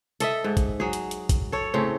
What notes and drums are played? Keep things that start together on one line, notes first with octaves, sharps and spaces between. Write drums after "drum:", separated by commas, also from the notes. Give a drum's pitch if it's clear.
A4 D#5 E5, drum: hi-hat
G#2
drum: kick, hi-hat
F#3 G#4
drum: hi-hat
drum: hi-hat
drum: kick, hi-hat
A4 C#5
A2 C#3 C4